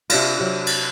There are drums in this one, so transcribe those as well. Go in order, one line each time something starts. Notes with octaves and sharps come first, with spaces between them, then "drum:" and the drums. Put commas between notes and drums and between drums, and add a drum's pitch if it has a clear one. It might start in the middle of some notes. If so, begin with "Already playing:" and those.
C3 D4 F4, drum: cymbal
C3 F#3
drum: cymbal